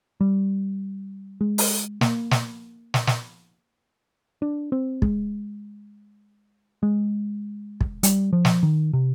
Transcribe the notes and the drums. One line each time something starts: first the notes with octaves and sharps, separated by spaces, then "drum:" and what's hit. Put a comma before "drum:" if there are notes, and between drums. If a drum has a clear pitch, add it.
G3
G#3
drum: open hi-hat
A#3, drum: snare
drum: snare
drum: snare
drum: snare
D4
C4
G#3, drum: kick
G#3
drum: kick
G3, drum: hi-hat
F3
drum: snare
D#3
C3